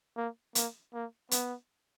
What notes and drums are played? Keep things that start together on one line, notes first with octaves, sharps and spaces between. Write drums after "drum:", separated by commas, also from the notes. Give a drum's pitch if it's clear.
A#3
A#3, drum: hi-hat
A#3
B3, drum: hi-hat